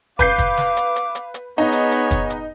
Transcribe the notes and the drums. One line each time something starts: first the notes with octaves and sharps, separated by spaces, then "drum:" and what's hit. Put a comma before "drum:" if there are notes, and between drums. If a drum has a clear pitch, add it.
B4 F5 D6 G6 C7, drum: kick, hi-hat
drum: kick, hi-hat
drum: snare
drum: hi-hat
drum: hi-hat
drum: hi-hat
drum: hi-hat
B3 D#4 G#4 C#5
drum: hi-hat
drum: hi-hat
drum: kick, hi-hat
drum: hi-hat